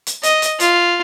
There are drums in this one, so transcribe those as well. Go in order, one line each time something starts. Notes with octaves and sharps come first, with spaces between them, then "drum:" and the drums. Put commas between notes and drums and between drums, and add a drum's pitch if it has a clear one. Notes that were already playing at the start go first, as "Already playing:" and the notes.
drum: hi-hat
D#5, drum: hi-hat
drum: hi-hat
F4, drum: hi-hat